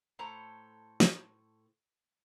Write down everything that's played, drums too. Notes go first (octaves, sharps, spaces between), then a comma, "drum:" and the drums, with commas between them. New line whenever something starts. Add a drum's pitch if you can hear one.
A2 A4 C5 A#5
drum: snare